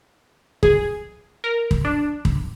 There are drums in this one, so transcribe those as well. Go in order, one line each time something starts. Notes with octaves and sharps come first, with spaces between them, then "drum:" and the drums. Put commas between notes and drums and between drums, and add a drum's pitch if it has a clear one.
G#4, drum: kick
A#4
drum: kick
D4
drum: kick